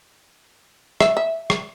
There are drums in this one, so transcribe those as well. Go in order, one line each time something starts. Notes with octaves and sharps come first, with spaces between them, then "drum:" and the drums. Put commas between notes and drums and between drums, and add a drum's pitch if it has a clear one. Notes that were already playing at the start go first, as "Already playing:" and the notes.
E5, drum: rim click
E5
drum: rim click